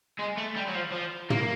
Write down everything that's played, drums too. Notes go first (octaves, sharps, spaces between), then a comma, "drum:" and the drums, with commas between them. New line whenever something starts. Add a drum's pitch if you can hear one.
G#3
A3
G3
F#3
F3
F3
A#3, drum: tom